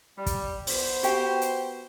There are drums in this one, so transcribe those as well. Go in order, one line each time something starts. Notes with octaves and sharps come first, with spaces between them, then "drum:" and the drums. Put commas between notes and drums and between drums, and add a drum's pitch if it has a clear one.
G3
drum: kick, hi-hat
B3 C5, drum: open hi-hat
F#4 G4 G5, drum: hi-hat
drum: hi-hat